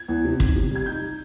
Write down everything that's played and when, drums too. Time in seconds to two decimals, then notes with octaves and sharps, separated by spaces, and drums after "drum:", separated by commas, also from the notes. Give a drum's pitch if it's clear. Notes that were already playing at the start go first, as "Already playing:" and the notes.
Already playing: G#6
0.08 E2
0.25 C3
0.40 D#3, drum: kick
0.55 C3
0.71 G3 G#6
0.86 D#4 G6